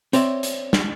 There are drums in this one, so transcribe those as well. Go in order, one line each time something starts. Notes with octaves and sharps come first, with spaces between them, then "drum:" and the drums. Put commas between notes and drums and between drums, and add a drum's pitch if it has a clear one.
C4 C#5 D5 E5, drum: hi-hat
drum: hi-hat
drum: snare